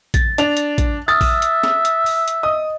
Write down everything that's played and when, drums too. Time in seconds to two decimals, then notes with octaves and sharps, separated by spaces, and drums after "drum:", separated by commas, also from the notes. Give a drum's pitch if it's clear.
0.14 A6, drum: kick, hi-hat
0.38 D4 F7, drum: hi-hat
0.57 drum: hi-hat
0.78 drum: kick, hi-hat
1.08 E5 D#6 F6 A6
1.21 drum: kick, open hi-hat
1.42 drum: hi-hat
1.63 drum: snare
1.85 drum: hi-hat
2.06 drum: open hi-hat
2.28 drum: hi-hat
2.43 D#5 D#6